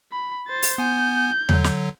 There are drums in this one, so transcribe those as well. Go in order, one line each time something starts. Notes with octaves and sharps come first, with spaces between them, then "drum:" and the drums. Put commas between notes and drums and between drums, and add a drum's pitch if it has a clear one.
B5
C5 A6
drum: open hi-hat
B3 G#5 G6
D3 F#3, drum: tom E2
drum: snare